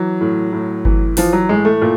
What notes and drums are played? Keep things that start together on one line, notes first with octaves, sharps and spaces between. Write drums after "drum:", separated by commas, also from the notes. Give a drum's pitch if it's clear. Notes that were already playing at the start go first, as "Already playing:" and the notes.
Already playing: E3 F#3
A2
A2
E3, drum: kick G1
E3 F3, drum: open hi-hat
F#3
A2 G#3
A3
A#2